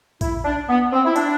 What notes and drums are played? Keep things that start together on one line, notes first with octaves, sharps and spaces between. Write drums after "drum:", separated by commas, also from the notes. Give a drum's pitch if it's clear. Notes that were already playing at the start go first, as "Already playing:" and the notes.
E4, drum: kick, tambourine
D4
B3
C4
E4
D4, drum: tambourine